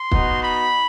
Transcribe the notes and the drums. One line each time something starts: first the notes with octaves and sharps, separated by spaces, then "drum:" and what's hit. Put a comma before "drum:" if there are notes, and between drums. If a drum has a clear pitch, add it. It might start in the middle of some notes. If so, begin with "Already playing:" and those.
Already playing: C6
B3 D#4 F#4, drum: kick
B5